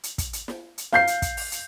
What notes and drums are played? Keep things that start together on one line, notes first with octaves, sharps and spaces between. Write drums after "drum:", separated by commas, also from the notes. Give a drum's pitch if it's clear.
drum: hi-hat
drum: kick, hi-hat
drum: hi-hat
drum: snare
drum: hi-hat
F5 G6 C7, drum: snare
drum: hi-hat
drum: kick, hi-hat
drum: open hi-hat
drum: hi-hat